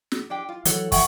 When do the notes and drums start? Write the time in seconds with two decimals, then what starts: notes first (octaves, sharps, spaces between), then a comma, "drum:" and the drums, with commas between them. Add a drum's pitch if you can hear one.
0.12 drum: snare
0.30 D4 G4 G5
0.49 F4
0.65 E3 F#3 A4 C#5 F#5, drum: hi-hat
0.92 F3 E5 F#5 G5 C#6, drum: kick, open hi-hat